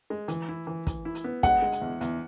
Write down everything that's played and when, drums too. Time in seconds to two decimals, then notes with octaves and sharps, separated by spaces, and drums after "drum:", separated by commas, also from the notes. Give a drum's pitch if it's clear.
0.10 G#3
0.28 E3, drum: hi-hat
0.49 E4
0.67 E3
0.87 E3, drum: kick, hi-hat
1.05 E4
1.15 drum: hi-hat
1.24 B3
1.43 G#3 F#5, drum: kick, hi-hat
1.62 G#3
1.72 drum: hi-hat
1.82 E2
2.01 E2, drum: hi-hat